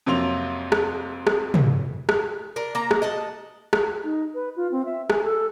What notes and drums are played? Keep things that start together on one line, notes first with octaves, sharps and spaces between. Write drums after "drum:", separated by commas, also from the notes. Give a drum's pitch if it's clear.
F2 C3 F#3 A#3 C6 F7
drum: rim click
drum: rim click
drum: tom
drum: rim click
D4 A#4
A#3 A#5
drum: rim click
D#5 F#5 A5
drum: rim click
D#4
B4
F4
C4
E5
G#5, drum: rim click
A4